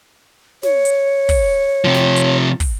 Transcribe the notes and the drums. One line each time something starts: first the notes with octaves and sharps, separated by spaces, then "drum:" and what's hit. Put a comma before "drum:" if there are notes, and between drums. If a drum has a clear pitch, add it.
C#5, drum: snare
drum: hi-hat
drum: kick, open hi-hat
C3 F3
drum: snare
drum: hi-hat
drum: kick, open hi-hat